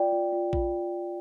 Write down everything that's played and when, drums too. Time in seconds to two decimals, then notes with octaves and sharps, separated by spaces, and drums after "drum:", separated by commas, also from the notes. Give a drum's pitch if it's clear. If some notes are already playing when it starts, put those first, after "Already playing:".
Already playing: F4 D5 G5
0.12 F4
0.32 F4
0.53 F4, drum: kick A#1